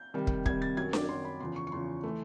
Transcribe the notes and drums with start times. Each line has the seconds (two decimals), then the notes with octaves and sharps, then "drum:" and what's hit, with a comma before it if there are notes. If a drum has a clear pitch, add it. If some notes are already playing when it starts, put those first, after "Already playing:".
Already playing: G6
0.14 C3 D#3 G3
0.27 drum: kick
0.46 C3 D#3 G3 G#6, drum: kick
0.62 A6
0.77 F#2 D#3 F#3 G#6
0.93 D6, drum: snare D4
1.09 F#2 D#3 F#3 C6
1.25 B5
1.40 E2 C#3 F3 C6
1.56 C#6
1.67 C#6
1.72 E2 C#3 F3 C6
2.04 E3 A3